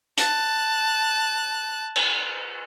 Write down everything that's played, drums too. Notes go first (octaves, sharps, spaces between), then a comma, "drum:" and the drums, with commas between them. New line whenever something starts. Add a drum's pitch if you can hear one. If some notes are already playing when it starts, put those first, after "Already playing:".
A5 F#6, drum: hi-hat
drum: cymbal